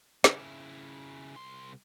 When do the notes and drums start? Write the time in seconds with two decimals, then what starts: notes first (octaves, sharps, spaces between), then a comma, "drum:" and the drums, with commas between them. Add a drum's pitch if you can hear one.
0.24 C#3 E4, drum: snare
1.36 C2 C6